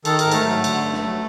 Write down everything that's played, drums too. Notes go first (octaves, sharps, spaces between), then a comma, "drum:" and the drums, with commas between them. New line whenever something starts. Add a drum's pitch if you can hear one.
D#3 A4, drum: cymbal
A#4, drum: cymbal
G#2
A3 A4, drum: cymbal
F#3
D3, drum: cymbal
G2
drum: snare
F#3